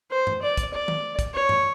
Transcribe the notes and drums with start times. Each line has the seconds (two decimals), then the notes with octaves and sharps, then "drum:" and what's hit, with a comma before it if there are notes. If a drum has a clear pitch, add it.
0.11 C5
0.27 drum: tom F#2
0.42 D5
0.57 drum: kick, hi-hat
0.73 D5
0.88 drum: tom D#3
1.19 drum: kick, hi-hat
1.34 C#5
1.49 drum: tom F#2